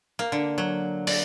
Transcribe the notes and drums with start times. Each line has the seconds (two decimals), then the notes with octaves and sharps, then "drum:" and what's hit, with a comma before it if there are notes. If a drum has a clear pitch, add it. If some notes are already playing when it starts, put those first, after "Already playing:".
0.19 A#3
0.32 D3
0.58 F#3
1.07 D5, drum: open hi-hat